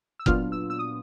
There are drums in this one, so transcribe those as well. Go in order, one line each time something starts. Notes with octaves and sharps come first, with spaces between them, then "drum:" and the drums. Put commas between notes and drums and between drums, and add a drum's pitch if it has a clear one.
E6
A#2 F#3 B3 D4 F4 F6, drum: kick F#1
E6
E6
D#6